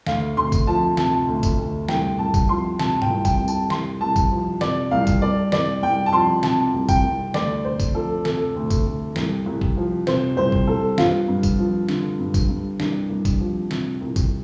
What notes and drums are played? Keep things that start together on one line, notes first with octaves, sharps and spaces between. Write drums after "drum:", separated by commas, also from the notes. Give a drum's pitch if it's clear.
D2 F5, drum: snare
D2 C6
drum: kick G#1, tambourine
F3 A5
C3 A5, drum: snare
D2
drum: kick G#1, tambourine
D2
C2 G5, drum: snare
C2 A5
drum: kick G#1, tambourine
F3 C6
C3 A5, drum: snare
G5, drum: tom G#2
C2
G5, drum: kick G#1, tambourine
C2
A5, drum: tambourine
C2 C6, drum: snare
C2 A5
drum: kick G#1, tambourine
F3
C3 D5, drum: snare
C2 F5
drum: kick G#1, tambourine
C2 D5
C2 D5, drum: snare
C2 G5
A5
F3 C6
C3 A5, drum: snare
C2
G5, drum: kick G#1, tambourine
C2
D2 D5, drum: snare
D2 C5
drum: kick G#1, tambourine
F3 A4
C3 A4, drum: snare
D2
drum: kick G#1, tambourine
D2
C2, drum: snare
C2
drum: kick G#1
F3
C3 C5, drum: snare
C2 C5
drum: kick G#1
C2 A4
G2 F4, drum: snare
G2
drum: kick G#1, tambourine
F3
D3, drum: snare
G2
drum: kick G#1, tambourine
G2
C2 D4, drum: snare
C2
drum: kick G#1, tambourine
F3
C3, drum: snare
C2
drum: kick G#1, tambourine